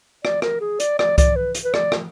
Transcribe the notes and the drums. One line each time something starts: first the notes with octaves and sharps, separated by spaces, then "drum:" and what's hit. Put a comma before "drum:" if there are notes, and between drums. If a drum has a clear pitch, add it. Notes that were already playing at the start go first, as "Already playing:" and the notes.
D5, drum: rim click
A#4, drum: rim click
G#4
D5, drum: hi-hat
D5, drum: rim click
D5, drum: kick C2, hi-hat
B4
drum: hi-hat
B4
D5, drum: rim click
drum: rim click